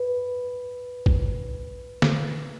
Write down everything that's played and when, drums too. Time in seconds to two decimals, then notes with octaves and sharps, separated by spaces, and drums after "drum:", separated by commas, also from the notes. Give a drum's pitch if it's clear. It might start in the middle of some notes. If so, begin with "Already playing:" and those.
Already playing: B4
1.06 drum: kick G#1
2.02 drum: snare